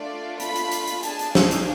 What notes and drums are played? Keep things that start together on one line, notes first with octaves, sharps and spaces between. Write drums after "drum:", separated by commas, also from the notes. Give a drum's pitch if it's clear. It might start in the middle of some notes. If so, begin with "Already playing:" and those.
Already playing: A3 D4 F4 D5
B5, drum: hi-hat
drum: hi-hat
drum: hi-hat
drum: hi-hat
D4 G#4 A5, drum: hi-hat
drum: hi-hat
F5, drum: snare
drum: hi-hat